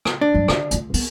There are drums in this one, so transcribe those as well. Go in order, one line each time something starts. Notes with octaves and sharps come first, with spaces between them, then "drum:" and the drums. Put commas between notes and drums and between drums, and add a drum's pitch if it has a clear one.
drum: rim click
D4
G2 F#3
D3, drum: rim click
D2 F4, drum: hi-hat
B3, drum: open hi-hat